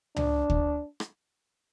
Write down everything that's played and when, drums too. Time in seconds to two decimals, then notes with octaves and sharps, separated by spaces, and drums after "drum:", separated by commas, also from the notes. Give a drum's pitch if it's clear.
0.16 D4, drum: tom C#2
0.50 drum: kick D2
1.00 drum: rim click